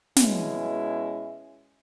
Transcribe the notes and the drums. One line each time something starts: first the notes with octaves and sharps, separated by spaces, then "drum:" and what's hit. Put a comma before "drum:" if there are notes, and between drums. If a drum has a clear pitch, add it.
B2 G#3 C#4 E4, drum: snare